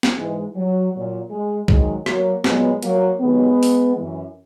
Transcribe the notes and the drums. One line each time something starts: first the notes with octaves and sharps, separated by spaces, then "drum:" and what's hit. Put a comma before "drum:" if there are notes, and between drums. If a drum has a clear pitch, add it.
drum: snare
G#2 E3 G#3
F#3
A#2 F#3
G#3
G#2 D#3 F#3 G#3, drum: kick C2
F#3 A#3, drum: rim click
A#2 F#3 G#3 B3, drum: snare
F#3 A#3, drum: hi-hat
D#2 D#3 F#3 G#3 B3
drum: open hi-hat
F#2 E3